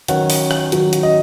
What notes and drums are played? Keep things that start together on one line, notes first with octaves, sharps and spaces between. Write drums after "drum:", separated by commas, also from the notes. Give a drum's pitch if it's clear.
D#3 F#3 C#4 F#5, drum: hi-hat
drum: open hi-hat
drum: rim click
D#3 F#3 C#4, drum: hi-hat
drum: hi-hat
D#5